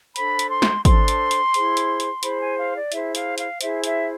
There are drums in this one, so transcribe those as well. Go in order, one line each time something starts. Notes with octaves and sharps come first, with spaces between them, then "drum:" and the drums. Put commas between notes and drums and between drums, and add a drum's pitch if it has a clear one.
D4 A4 C5 B5, drum: hi-hat
drum: hi-hat
C6
drum: snare
D4 A4 C5 C6, drum: kick, hi-hat
drum: hi-hat
drum: hi-hat
E4 G#4 C5, drum: hi-hat
drum: hi-hat
drum: hi-hat
E4 G#4 C5 B5, drum: hi-hat
G#5
F5
D5
E4 G#4 C5 E5, drum: hi-hat
F5, drum: hi-hat
F5, drum: hi-hat
E4 G#4 C5 E5, drum: hi-hat
E5, drum: hi-hat